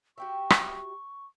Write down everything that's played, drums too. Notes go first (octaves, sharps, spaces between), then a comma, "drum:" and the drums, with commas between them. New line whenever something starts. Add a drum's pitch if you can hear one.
F#4 G4 E5 C#6
drum: rim click